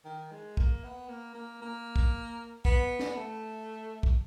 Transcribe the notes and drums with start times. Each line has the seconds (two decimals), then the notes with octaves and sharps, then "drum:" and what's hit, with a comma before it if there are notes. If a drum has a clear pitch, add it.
0.05 D#3
0.32 G#3
0.57 A#3, drum: kick
0.84 B3
1.09 A#3
1.35 A#3
1.62 A#3
1.96 drum: kick
2.65 B3, drum: kick
2.99 drum: snare
3.16 A3
4.03 drum: kick